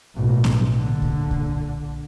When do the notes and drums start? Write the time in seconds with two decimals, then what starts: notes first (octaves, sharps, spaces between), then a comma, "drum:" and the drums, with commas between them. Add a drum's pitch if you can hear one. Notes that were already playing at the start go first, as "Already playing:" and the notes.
0.15 B1 A2
0.44 drum: snare
0.75 A#2 D3
1.02 drum: kick B1
1.31 drum: kick B1